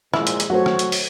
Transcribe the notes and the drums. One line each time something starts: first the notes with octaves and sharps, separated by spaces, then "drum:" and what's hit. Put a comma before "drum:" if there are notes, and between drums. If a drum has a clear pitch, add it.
A#2 F3 G#3 E4, drum: rim click
drum: hi-hat
drum: hi-hat
F#3 A3 F#4 A4 C5 C#5
drum: rim click
drum: hi-hat
drum: open hi-hat